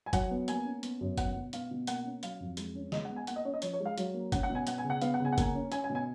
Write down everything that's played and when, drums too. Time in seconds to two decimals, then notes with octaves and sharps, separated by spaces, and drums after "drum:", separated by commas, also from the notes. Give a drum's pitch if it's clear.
0.06 G#5
0.13 F#3 F#5, drum: kick, hi-hat
0.31 B3
0.48 A#3 G#5, drum: hi-hat
0.65 C#4
0.83 B3, drum: hi-hat
1.01 F#2
1.18 B3 F#5, drum: kick, hi-hat
1.36 B2
1.53 B3 F5, drum: hi-hat
1.71 B2
1.87 A#3 F#5, drum: hi-hat
2.05 C#4
2.23 F#3 F5, drum: hi-hat
2.40 F2
2.57 G#3, drum: hi-hat
2.75 C#4
2.92 G#3 D#5, drum: snare
3.05 F#5
3.09 B3
3.16 G#5
3.27 A#3 F#5, drum: hi-hat
3.36 D#5
3.45 C#4 C#5
3.54 D#5
3.62 F3 C#5, drum: hi-hat
3.73 C#5
3.80 G#3
3.86 F5
3.98 F#3, drum: hi-hat
4.14 A#3
4.32 C#4 F#5, drum: kick, hi-hat
4.43 F#5
4.50 B2
4.55 G#5
4.67 B3 F#5, drum: hi-hat
4.78 G#5
4.84 C#3
4.90 F#5
5.02 B3 F5, drum: hi-hat
5.14 F#5
5.20 C#3
5.25 G#5
5.32 F#5
5.38 A#3 G#5, drum: kick, hi-hat
5.55 C#4
5.72 C#4 G#5, drum: hi-hat
5.84 G#5
5.90 B2
5.95 G#5